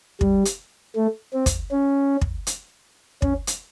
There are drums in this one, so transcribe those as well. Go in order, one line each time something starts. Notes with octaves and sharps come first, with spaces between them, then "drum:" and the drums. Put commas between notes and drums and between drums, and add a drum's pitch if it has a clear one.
G3, drum: kick
drum: hi-hat
A3
C4
drum: kick, hi-hat
C#4
drum: kick
drum: hi-hat
C#4, drum: kick
drum: hi-hat